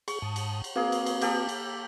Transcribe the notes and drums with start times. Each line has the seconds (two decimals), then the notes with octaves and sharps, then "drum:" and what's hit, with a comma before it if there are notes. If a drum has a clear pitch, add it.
0.08 G#4 C#6, drum: cymbal
0.22 G#2 A5 D#6
0.36 drum: cymbal
0.64 drum: cymbal
0.76 A#3 C4 F#4 G#4 B4
0.92 drum: cymbal
1.06 drum: cymbal
1.21 A#3 G4 A4, drum: cymbal
1.49 drum: cymbal